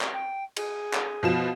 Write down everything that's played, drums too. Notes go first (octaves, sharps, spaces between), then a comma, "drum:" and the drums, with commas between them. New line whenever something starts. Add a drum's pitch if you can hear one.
drum: clap
G5
G#4, drum: cymbal
drum: clap
B2 F3 E7